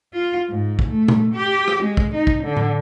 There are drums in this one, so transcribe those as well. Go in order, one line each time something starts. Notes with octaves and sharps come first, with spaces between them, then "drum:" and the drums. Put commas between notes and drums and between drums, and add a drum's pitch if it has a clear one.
F4
G#2
drum: kick
A3
drum: tom A#2
G4
drum: rim click
G#3
drum: kick
D#4
drum: kick
D3
drum: tom A2